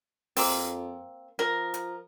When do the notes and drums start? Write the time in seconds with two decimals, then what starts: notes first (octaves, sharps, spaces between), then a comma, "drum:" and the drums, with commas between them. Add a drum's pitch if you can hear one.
0.37 F2 A#3 C4, drum: open hi-hat
1.39 F3 A#4
1.74 drum: hi-hat